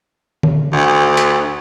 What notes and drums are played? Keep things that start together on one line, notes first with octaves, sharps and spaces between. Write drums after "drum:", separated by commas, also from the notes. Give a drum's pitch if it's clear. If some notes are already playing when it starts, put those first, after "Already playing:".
drum: tom D3
D2
drum: hi-hat